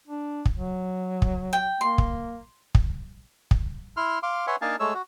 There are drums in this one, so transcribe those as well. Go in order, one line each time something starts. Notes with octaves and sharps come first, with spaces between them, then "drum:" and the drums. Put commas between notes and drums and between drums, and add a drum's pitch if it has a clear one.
D4
drum: kick
F#3
drum: kick
G5
A#3 C6
drum: kick
drum: kick
drum: kick
E4 C6 F6
F5 C6 D6
B4 C#5 E5 F#5 G#5 C6
A#3 D4 D#4 F5 G#5 A5
G#3 A3 C#5 E6
F#4